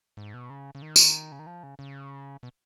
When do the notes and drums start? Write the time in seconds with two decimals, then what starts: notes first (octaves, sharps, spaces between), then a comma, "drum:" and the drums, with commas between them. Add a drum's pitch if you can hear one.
0.17 G#2
0.34 B2
0.50 C#3
0.75 C#3
0.82 D#3
0.96 drum: tambourine
1.32 C#3
1.39 D#3
1.47 F3
1.63 C#3
1.79 C#3
2.43 B2